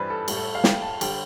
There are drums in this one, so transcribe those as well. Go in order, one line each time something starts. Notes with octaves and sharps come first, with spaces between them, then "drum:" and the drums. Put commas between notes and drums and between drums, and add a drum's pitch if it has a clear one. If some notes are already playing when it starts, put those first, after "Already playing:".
Already playing: G2 E3 G3 B4 C5 D5
A4
A2 G3, drum: cymbal
A4
F5
G5, drum: snare
A5
D3 G3 G5, drum: cymbal